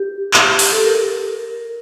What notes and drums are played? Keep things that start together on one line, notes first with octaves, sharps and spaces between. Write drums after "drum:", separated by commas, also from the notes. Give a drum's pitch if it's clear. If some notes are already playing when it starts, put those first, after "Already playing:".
Already playing: G4
drum: clap
G4
G4, drum: open hi-hat
A4
A#4